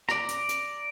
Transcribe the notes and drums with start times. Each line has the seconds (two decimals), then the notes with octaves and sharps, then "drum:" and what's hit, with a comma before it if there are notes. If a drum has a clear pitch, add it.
0.09 D5 A#5, drum: rim click
0.29 drum: hi-hat
0.49 drum: hi-hat